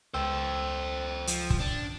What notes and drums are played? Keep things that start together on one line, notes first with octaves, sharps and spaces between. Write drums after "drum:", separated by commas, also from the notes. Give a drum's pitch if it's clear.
C#2 A4 C5 G5 E6
F3, drum: hi-hat
drum: kick
D4